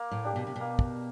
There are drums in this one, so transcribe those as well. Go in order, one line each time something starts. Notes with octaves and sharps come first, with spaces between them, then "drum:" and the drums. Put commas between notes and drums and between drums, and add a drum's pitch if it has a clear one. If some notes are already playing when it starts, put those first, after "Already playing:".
Already playing: A#3
A2
D4 G4
B2
C3
B2 A#3
drum: kick